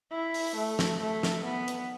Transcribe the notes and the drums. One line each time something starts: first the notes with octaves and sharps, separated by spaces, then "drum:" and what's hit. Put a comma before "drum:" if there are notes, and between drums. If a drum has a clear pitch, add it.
E4
drum: open hi-hat
A3
drum: snare
A3
drum: snare
B3
drum: hi-hat